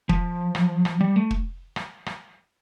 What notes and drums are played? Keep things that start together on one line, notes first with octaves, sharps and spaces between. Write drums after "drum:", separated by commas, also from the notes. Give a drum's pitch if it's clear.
F3, drum: kick
drum: rim click
drum: rim click
G3
A3
drum: kick
drum: rim click
drum: rim click